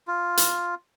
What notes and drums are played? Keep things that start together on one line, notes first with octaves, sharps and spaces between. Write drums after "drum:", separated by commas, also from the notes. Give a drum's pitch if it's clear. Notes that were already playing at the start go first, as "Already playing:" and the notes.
F4
drum: hi-hat